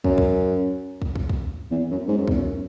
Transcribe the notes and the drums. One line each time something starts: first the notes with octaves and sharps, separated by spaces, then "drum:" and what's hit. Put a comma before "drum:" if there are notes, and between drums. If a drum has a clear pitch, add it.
F#2, drum: kick
drum: kick
drum: kick
drum: kick
drum: kick
E2
F#2
G#2
F#2
E2, drum: kick
F#2